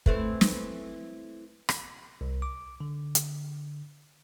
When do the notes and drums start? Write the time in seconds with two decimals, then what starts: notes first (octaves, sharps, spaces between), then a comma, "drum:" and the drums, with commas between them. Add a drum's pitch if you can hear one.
0.06 E3 A3 C4, drum: kick
0.41 drum: snare
1.69 drum: rim click
2.21 C2
2.42 D6
2.80 D3
3.15 drum: hi-hat